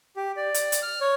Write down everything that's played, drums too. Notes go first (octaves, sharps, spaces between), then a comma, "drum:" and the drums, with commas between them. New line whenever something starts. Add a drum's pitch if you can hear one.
G4
D5
drum: hi-hat
drum: hi-hat
F6
C#5